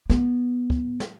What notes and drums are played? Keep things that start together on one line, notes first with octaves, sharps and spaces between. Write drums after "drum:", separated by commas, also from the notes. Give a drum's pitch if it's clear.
B3, drum: snare
drum: kick
drum: snare